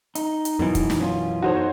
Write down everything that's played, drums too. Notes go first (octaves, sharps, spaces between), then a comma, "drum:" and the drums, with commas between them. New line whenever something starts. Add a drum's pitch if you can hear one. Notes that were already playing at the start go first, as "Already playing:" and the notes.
D#4, drum: hi-hat
drum: hi-hat
F#2 B2 E3
drum: kick, hi-hat
drum: snare
C#4 F4
D#4 F#4 A4 C5 C#5